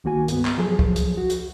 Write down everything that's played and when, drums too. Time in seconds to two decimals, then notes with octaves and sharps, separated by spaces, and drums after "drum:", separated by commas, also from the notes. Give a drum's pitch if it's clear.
0.04 C2 D#3 A#3 F#4 G#5
0.28 G2 B3, drum: hi-hat
0.45 drum: clap
0.58 F3 F#3 G#4
0.79 drum: kick
0.96 drum: hi-hat
1.17 F#4
1.30 drum: hi-hat